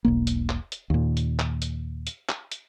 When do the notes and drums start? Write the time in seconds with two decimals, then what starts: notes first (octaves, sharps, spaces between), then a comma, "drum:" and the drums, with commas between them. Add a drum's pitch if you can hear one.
0.05 E1 B1 A#3
0.27 drum: hi-hat
0.49 drum: clap
0.72 drum: hi-hat
0.90 D#2 A#2
1.17 drum: hi-hat
1.39 drum: clap
1.62 drum: hi-hat
2.07 drum: hi-hat
2.29 drum: clap
2.51 drum: hi-hat